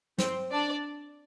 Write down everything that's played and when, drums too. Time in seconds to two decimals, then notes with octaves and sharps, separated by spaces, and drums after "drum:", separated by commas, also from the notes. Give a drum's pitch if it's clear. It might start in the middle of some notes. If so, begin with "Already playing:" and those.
0.18 C4 C5, drum: snare
0.51 D4 D5